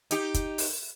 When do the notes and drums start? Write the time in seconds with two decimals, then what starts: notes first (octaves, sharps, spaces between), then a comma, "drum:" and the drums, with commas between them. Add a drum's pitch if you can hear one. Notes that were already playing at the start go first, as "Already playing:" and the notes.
0.11 D#4 G4, drum: hi-hat
0.34 drum: kick, hi-hat
0.58 drum: open hi-hat